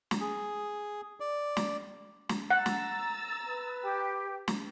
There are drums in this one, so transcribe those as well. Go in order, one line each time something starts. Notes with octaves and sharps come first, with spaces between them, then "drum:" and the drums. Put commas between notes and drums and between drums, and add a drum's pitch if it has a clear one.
drum: snare
G#4
D5
drum: snare
drum: snare
F#5 A#5 E6 A6
drum: snare
B4
G4
drum: snare